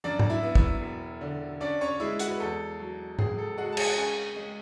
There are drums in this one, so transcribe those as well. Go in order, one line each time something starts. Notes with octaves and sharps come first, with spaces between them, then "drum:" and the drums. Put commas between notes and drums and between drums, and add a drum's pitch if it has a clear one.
F#2 D4 D5
drum: tom G#2
E4 E5
B3
E4 E5, drum: kick
E1
D3
C#4 D4 D5
C#4 C#5
G#3 E4 E5
F#4 F#5, drum: hi-hat
B4
E2 A4
F#3
C#2 G#4, drum: tom G#2
A4
G#3 F#4 F#5
A5
G#4 G#5, drum: cymbal
F#5
C#4 G#4 G#5
G#3